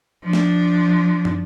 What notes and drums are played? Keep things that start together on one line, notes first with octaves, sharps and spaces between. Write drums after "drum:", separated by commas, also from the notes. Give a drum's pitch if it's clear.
F3 D4
drum: snare
drum: tom